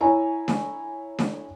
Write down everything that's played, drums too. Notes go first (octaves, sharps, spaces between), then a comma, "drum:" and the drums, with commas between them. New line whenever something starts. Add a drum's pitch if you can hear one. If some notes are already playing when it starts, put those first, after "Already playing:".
E4 C#5 G#5 A#5
drum: snare D4
drum: snare D4